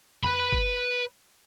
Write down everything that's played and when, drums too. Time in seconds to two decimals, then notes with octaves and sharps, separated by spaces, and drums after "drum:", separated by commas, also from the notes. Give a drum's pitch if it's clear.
0.24 B4 B5, drum: tom F2
0.52 drum: kick G1